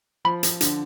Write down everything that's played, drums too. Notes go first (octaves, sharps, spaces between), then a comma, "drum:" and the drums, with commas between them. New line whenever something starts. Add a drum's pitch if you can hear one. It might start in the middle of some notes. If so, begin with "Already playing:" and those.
F3 B5
drum: hi-hat
D3, drum: hi-hat